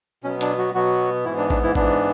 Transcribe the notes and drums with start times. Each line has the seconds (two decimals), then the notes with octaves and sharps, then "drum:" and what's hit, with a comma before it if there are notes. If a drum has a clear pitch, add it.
0.24 B2 F#3 B3 C#4
0.41 D4, drum: hi-hat
0.58 F#3 F#4
0.75 B2 F#3 B3 F#4
1.25 G#2 E3 B3 E4
1.37 D4
1.50 D4, drum: kick
1.63 E3 E4
1.75 G#2 E3 B3 D4, drum: kick